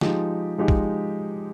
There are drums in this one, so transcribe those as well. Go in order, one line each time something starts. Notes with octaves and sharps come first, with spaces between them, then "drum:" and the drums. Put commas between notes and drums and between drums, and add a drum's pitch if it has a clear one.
F3 G#3 D#4 G4, drum: snare
F3 G#3 D#4 G4
drum: kick